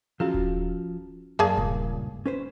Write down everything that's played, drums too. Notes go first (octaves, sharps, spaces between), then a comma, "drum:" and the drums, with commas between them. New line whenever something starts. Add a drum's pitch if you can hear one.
F3 C#4 F4 F#4 G#4 F5
drum: kick D#1
F#2 A#3 G#4 D5 F5 G#5 A5
C#2 G2 A#2, drum: kick D#1
C#4 B4 C5